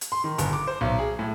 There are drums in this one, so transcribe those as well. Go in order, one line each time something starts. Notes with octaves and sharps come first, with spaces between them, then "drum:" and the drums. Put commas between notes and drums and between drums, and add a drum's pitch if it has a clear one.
drum: hi-hat
C6
D#3
G1, drum: hi-hat
D6
C5
B1
G#4
A2